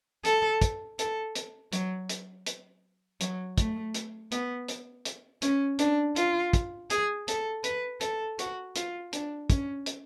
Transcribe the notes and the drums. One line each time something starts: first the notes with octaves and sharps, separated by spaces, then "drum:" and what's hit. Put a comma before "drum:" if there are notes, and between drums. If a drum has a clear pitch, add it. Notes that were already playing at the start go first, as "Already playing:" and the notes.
A4, drum: hi-hat
drum: kick, hi-hat
A4, drum: hi-hat
drum: hi-hat
F#3, drum: hi-hat
drum: hi-hat
drum: hi-hat
F#3, drum: hi-hat
A3, drum: kick, hi-hat
drum: hi-hat
B3, drum: hi-hat
drum: hi-hat
drum: hi-hat
C#4, drum: hi-hat
D4, drum: hi-hat
F4, drum: hi-hat
drum: kick, hi-hat
G#4, drum: hi-hat
A4, drum: hi-hat
B4, drum: hi-hat
A4, drum: hi-hat
F#4, drum: hi-hat
F4, drum: hi-hat
D4, drum: hi-hat
C#4, drum: kick, hi-hat
drum: hi-hat